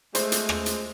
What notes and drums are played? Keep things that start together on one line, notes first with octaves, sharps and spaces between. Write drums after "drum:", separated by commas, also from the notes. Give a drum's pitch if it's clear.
G#3 A3 C5, drum: hi-hat
drum: hi-hat
drum: rim click
drum: hi-hat